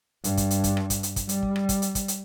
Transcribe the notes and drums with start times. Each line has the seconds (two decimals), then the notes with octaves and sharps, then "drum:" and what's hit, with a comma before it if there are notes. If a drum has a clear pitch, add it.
0.24 G2, drum: hi-hat
0.37 drum: kick, hi-hat
0.51 drum: hi-hat
0.64 drum: kick, hi-hat
0.77 drum: rim click
0.90 drum: kick, hi-hat
1.03 drum: hi-hat
1.16 drum: kick, hi-hat
1.29 G3, drum: hi-hat
1.43 drum: kick
1.56 drum: rim click
1.69 drum: kick, hi-hat
1.82 drum: hi-hat
1.95 drum: kick, hi-hat
2.08 drum: hi-hat